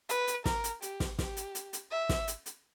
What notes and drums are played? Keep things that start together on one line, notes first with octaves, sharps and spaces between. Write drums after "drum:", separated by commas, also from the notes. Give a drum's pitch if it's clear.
B4, drum: hi-hat
drum: hi-hat
A#4, drum: snare
drum: hi-hat
G4, drum: hi-hat
drum: snare
G4, drum: snare
drum: hi-hat
drum: hi-hat
drum: hi-hat
E5
drum: snare
drum: hi-hat
drum: hi-hat